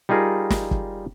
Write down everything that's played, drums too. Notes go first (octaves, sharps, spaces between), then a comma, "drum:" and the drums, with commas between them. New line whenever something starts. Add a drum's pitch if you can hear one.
G3 D#4 F4 G#4 A#4
drum: snare
drum: kick